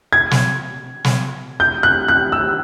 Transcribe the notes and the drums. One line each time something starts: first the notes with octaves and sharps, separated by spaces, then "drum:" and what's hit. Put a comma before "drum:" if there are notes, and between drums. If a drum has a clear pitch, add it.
G#6
drum: snare
drum: snare
G6
F#6
F#6
E6